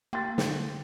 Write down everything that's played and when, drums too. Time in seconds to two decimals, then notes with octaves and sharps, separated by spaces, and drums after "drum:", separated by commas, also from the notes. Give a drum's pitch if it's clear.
0.13 A#3 G5 C6 A6
0.38 D3, drum: snare